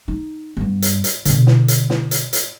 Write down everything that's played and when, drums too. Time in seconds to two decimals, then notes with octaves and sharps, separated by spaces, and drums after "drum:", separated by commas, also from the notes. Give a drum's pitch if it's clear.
0.08 D#4
0.57 G2 B3
0.82 drum: hi-hat
1.04 drum: hi-hat
1.25 B2 D3, drum: hi-hat
1.47 drum: snare
1.68 drum: hi-hat
1.90 drum: snare
2.11 drum: hi-hat
2.33 drum: hi-hat